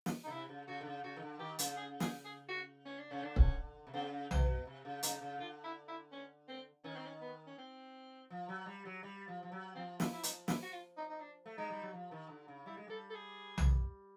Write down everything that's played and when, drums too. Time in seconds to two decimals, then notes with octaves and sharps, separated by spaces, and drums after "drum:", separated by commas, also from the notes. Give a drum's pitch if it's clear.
0.06 drum: snare
0.24 D#4
0.27 C#3
0.31 C3 E4
0.49 C#3
0.68 C#3 F#4
0.81 D3
0.86 C#3
1.04 C#3 F#4
1.16 D#3
1.22 D3
1.39 D#3 G4
1.59 C#3, drum: hi-hat
1.76 G#4
2.00 G#4, drum: snare
2.25 G#4
2.49 F#4
2.86 C#4
2.99 D4
3.11 C#3 C#4
3.22 D3 D4
3.36 C#4, drum: kick C#1
3.87 C3
3.94 C#3 C4
4.31 B2 C4, drum: tom B1
4.67 C3
4.85 C#3
5.03 C#3 D#4, drum: hi-hat
5.21 C#3
5.39 D3 F4
5.64 E4
5.88 E4
6.12 C#4
6.49 C4
6.84 D#3 C#4
6.96 C4
7.07 C#4
7.21 B3
7.47 C#4
7.58 C4
8.30 F3
8.49 F#3
8.66 G3
8.85 F#3
9.03 G3
9.28 F3
9.43 F3
9.52 F#3
9.75 F3 C4
10.00 E4, drum: snare
10.13 E4
10.23 D#4, drum: hi-hat
10.48 E4, drum: snare
10.63 F#4
10.73 F4
10.97 D#4
11.10 D#4
11.20 D4
11.46 A3
11.58 G#3 D#4
11.70 G3
11.82 F#3
11.93 F3
12.11 D#3
12.30 D3
12.48 C#3
12.66 G3 E4
12.77 G#3
12.88 G3 A4
13.10 A4
13.15 G#4
13.58 drum: tom B1